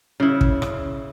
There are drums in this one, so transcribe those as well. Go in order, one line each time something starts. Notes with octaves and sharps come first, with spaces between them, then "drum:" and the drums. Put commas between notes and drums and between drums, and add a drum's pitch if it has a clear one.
C#3 E4
drum: kick
drum: rim click